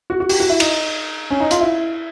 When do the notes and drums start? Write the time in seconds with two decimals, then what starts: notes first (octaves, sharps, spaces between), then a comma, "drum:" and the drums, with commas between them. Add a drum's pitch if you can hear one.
0.10 F#4
0.20 F#4
0.29 G4, drum: open hi-hat
0.40 F#4
0.50 E4
0.60 D#4, drum: cymbal
1.31 C#4
1.40 D#4
1.51 F4, drum: hi-hat
1.61 E4